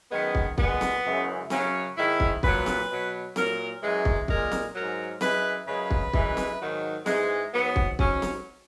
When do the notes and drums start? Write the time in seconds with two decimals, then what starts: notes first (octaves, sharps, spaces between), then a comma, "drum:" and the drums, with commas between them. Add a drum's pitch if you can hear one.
0.12 F#2 D#3 G#3 B3
0.35 drum: kick
0.58 A#2 G#3 B3, drum: kick
0.81 drum: snare C4
1.04 F#2 C#3 E3 G#3
1.50 F#2 C#3 F#3 C#4, drum: snare C4
1.97 G#2 D#3 G#3 E4
2.20 drum: kick
2.43 A#2 F#3 B4, drum: kick
2.66 drum: snare C4
2.90 B2 F#3
3.36 A#2 F#3 A#4, drum: snare C4
3.82 F#2 E3 G#3
4.05 drum: kick
4.28 A#2 G#3 A#4, drum: kick
4.52 drum: snare C4
4.74 G#2 F#3 A#4
5.21 F#2 E3 G#3 B4, drum: snare C4
5.67 F#2 C#3 G#3 B4
5.90 drum: kick
6.13 F#2 E3 G#3, drum: kick
6.37 drum: snare C4
6.60 G#2 D#3 F#3
7.06 G#2 E3 G#3, drum: snare C4
7.52 G#2 F#3 B3
7.76 drum: kick
7.99 G#2 F#3 C#4, drum: kick
8.22 drum: snare C4